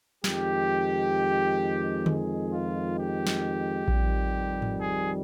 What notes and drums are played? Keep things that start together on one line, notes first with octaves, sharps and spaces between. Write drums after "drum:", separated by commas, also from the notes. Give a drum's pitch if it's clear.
F2 D#3 G#3 G4, drum: snare
G#4, drum: tom D3
F4
G4
drum: snare
F2 D#3 G3, drum: kick A#1
drum: tom G#2
G#4